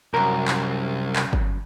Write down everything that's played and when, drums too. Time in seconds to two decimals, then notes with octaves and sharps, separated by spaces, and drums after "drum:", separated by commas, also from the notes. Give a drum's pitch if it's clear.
0.14 C2 F#2 A#4
0.48 drum: clap
1.16 drum: clap
1.33 drum: kick G1